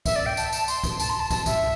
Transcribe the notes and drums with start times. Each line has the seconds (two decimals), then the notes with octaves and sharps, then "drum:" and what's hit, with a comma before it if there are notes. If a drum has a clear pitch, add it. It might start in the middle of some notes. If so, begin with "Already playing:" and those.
0.06 E5, drum: kick, tambourine
0.16 D5
0.26 G5
0.37 A5, drum: tambourine
0.53 A5, drum: tambourine
0.68 C6, drum: tambourine
0.84 drum: kick, tambourine
1.00 A5, drum: tambourine
1.10 C6
1.20 A5
1.31 A5, drum: kick, tambourine
1.46 E5, drum: kick, tambourine